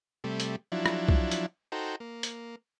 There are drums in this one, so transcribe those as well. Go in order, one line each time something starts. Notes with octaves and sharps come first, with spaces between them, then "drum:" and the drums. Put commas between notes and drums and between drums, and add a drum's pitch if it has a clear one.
C3 G3 A3
drum: hi-hat
F3 F#3 D4 E4
drum: rim click
drum: kick
drum: hi-hat
D#4 F#4 A4 C5 G5 A#5
A#3
drum: hi-hat